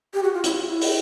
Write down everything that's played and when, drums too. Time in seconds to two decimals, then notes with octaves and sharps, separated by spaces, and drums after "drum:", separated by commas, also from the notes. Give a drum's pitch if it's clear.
0.14 G4
0.23 F#4
0.33 F4
0.44 E4, drum: hi-hat
0.56 F4
0.69 E4
0.81 drum: open hi-hat